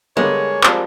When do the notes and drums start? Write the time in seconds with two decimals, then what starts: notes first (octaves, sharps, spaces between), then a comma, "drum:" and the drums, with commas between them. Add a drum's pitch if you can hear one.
0.17 D3 G3 G#3 A#3 B3 C#5
0.64 F3 G3 C4, drum: clap